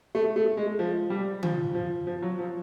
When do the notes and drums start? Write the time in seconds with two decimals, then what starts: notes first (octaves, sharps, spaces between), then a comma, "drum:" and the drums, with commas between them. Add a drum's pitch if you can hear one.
0.15 A3
0.36 A3
0.57 G#3
0.79 F3
1.10 G3
1.43 F3, drum: tom D3
1.75 F3
2.07 F3
2.22 F#3
2.39 F3